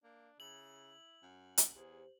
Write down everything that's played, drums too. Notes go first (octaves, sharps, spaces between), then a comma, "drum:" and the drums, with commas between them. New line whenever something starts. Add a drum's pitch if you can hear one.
A#3 D4
C#3 E4 F#7
F#2
drum: hi-hat
E2 G4 G#4 C5